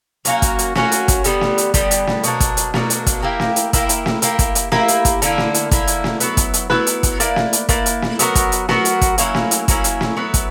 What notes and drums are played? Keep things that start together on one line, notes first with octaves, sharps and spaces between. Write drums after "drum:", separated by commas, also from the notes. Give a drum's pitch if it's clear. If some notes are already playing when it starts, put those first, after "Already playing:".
F#3 A#3 C#4 F#4, drum: hi-hat
drum: kick, hi-hat
drum: hi-hat
F#3 A#3 C#4 F#4, drum: snare
drum: hi-hat
drum: kick, hi-hat
D3 G3 B3, drum: hi-hat
drum: snare
drum: hi-hat
D3 G3 B3, drum: kick, hi-hat
drum: hi-hat
drum: snare
B2 F#3 A#3 D4, drum: hi-hat
drum: kick, hi-hat
drum: hi-hat
B2 F#3 A#3 D4, drum: snare
drum: hi-hat
drum: kick, hi-hat
A#3 E4 G4 A#4
drum: snare
drum: hi-hat
A#3 E4 G4 A#4, drum: kick, hi-hat
drum: hi-hat
drum: snare
A#3 E4 G4, drum: hi-hat
drum: kick, hi-hat
drum: hi-hat
A#3 E4 G4, drum: snare
drum: hi-hat
drum: kick, hi-hat
D3 A#3 E4, drum: hi-hat
drum: snare
drum: hi-hat
D3 A#3 E4, drum: kick, hi-hat
drum: hi-hat
drum: snare
F#3 B3 E4 B4, drum: hi-hat
drum: kick, hi-hat
drum: hi-hat
F#3 B3 E4 B4, drum: snare
drum: hi-hat
drum: kick, hi-hat
A#3 E4 B4 D5, drum: hi-hat
drum: snare
drum: hi-hat
A#3 E4 B4 D5, drum: kick, hi-hat
drum: hi-hat
drum: snare
F#3 B3 F#4 A#4, drum: hi-hat
drum: kick, hi-hat
drum: hi-hat
F#3 B3 F#4 A#4, drum: snare
drum: hi-hat
drum: kick, hi-hat
F#3 A#3 C#4 E4, drum: hi-hat
drum: snare
drum: hi-hat
F#3 A#3 C#4 E4, drum: kick, hi-hat
drum: hi-hat
drum: snare
F#3 B3 E4 B4
drum: kick, hi-hat